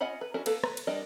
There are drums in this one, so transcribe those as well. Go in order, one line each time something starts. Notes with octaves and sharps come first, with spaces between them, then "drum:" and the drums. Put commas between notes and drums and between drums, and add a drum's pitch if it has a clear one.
C#4 F4 D#5 F#5 B5
B4
C#4 D4 E4 F#4 A#4
A#3 A4 B4, drum: cymbal
B4 A#5, drum: rim click
drum: cymbal
G3 D4 A#4 D#5